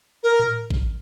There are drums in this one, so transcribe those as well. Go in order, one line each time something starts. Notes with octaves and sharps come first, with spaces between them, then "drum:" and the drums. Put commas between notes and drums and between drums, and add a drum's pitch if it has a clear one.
A#4
drum: tom A2
drum: kick A1